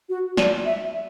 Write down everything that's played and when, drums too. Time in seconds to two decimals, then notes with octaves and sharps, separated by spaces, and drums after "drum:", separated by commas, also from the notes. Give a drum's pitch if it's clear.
0.09 F#4
0.37 D5, drum: snare
0.66 E5